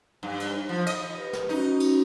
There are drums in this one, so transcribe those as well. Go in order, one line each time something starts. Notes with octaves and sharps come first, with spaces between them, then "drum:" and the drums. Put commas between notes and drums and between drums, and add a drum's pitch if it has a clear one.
G2
drum: cymbal
F3
D#5, drum: cymbal
G4 B4
drum: snare
C#4 D#4 F#4
drum: cymbal